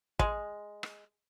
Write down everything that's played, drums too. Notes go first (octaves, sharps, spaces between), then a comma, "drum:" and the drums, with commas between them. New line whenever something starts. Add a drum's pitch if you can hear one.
G#3, drum: kick
drum: rim click